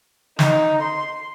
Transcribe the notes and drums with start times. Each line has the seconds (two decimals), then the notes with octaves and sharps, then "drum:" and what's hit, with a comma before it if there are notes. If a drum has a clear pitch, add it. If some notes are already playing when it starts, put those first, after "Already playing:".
0.39 D#4, drum: snare
0.83 C6